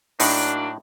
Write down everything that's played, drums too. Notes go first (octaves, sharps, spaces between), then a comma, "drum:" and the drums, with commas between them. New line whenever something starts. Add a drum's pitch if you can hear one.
A2 F#3 A#3 D4 D#4, drum: open hi-hat